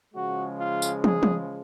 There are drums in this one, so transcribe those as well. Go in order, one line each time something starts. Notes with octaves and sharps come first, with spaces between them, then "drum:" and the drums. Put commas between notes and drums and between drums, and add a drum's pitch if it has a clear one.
C#3 F3 G#3 F#4
F4
drum: tambourine
G#4, drum: tom
drum: tom